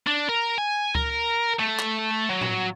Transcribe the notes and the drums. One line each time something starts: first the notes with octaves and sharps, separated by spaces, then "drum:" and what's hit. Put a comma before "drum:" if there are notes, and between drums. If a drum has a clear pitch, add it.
D4
A#4
G#5
A#4, drum: kick C#2
A3
drum: clap
F#3
drum: tom A2